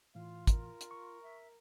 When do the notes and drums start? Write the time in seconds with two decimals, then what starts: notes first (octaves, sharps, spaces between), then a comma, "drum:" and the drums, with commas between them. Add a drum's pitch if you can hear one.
0.15 A2 E3 F4 F5
0.47 A#4, drum: kick, hi-hat
0.81 drum: hi-hat
0.91 C#6
1.22 E5